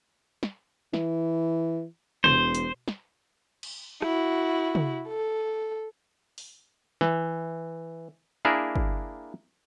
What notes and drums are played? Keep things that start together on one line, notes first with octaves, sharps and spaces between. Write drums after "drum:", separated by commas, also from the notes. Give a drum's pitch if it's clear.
drum: snare
E3, drum: snare
E1 C5, drum: tom
drum: hi-hat
drum: snare
drum: cymbal
E4 F#4, drum: rim click
drum: tom
A4
drum: open hi-hat
E3, drum: snare
A#3 D4 E4 G#4 A#4
drum: kick